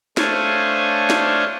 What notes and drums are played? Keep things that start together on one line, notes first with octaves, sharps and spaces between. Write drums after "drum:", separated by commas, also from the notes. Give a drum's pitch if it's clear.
A3 D4 C5 C#5 F5 G#5, drum: snare
drum: snare